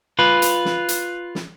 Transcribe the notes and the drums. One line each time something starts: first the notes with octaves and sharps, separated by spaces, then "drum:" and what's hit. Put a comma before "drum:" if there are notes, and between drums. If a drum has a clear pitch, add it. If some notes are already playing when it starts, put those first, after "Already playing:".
F4 B4
drum: hi-hat
drum: snare
drum: hi-hat
drum: snare